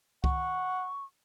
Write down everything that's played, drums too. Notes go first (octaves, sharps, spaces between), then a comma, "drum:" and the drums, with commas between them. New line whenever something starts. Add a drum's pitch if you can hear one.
F#5 C#6, drum: kick C2